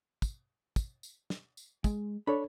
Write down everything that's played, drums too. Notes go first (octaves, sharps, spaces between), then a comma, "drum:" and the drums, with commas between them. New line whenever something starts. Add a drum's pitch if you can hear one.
drum: kick, tambourine
drum: kick, tambourine
drum: tambourine
drum: snare
drum: tambourine
G#3, drum: kick, tambourine
D4 A4 C#5 B5